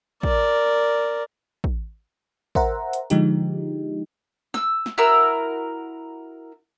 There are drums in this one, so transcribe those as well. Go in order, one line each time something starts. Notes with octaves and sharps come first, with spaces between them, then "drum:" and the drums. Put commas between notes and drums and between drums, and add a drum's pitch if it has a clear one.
A#4 D5, drum: kick
drum: kick
A#4 C5 E5 F#5 A#5, drum: kick
drum: hi-hat
D3 F3 G#3 D#4 G4, drum: hi-hat
E6, drum: snare
drum: snare
E4 F#4 A#4 E6